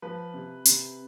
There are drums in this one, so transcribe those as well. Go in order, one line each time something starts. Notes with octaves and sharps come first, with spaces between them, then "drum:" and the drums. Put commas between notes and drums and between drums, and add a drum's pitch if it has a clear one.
F3 B4
C3
C3, drum: hi-hat